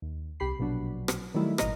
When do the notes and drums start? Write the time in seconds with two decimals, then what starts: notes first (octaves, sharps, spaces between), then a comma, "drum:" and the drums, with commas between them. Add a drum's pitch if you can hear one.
0.02 D#2
0.40 C2 G4 B5 C7
0.59 A#1 B2 F#3 D4 F#4
1.08 drum: rim click
1.34 D#3 F#3 G3 A3 E4
1.58 G#1 A#2 D#5 A#5, drum: rim click